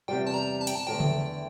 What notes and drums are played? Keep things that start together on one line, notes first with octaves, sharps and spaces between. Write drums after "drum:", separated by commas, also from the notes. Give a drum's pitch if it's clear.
E2 C3 G3 G5
A5
A#5
A5
G5, drum: hi-hat
A5
E2 D3 A3 G5
drum: tom C#3